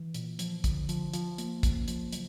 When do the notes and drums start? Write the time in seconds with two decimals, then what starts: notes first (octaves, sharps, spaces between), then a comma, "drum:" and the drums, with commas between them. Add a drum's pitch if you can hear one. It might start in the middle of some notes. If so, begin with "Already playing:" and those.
Already playing: E3
0.14 A#2, drum: hi-hat
0.39 F3, drum: hi-hat
0.64 D3, drum: kick, hi-hat
0.89 F3, drum: hi-hat
1.14 F3, drum: hi-hat
1.38 A#3, drum: hi-hat
1.63 C#3, drum: kick, hi-hat
1.88 F3, drum: hi-hat
2.12 F#3, drum: hi-hat